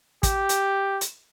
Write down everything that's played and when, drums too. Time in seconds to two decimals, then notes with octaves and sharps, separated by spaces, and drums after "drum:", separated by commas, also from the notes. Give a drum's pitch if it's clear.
0.23 G4, drum: kick, hi-hat
0.49 drum: hi-hat
1.01 drum: hi-hat